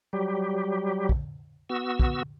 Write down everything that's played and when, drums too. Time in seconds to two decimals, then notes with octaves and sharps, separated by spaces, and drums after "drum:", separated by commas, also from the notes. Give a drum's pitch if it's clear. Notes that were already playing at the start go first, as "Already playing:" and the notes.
0.13 F#3 G3 G4
1.09 drum: kick
1.69 B3 F#4 E6
2.00 drum: kick